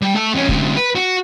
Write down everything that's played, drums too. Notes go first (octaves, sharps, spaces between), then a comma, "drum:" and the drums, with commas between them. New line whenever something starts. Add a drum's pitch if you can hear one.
G3
A3 A5
F2 C#4
D2 C3, drum: kick
B4
F#4